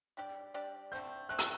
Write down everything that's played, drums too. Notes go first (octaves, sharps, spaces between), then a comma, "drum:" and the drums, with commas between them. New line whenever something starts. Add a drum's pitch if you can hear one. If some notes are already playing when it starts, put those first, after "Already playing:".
G3 D4 G4 D5
G3 D4 G4 D5
D3 A3 C4 G6
D3 A3 C4 F#6
E6, drum: hi-hat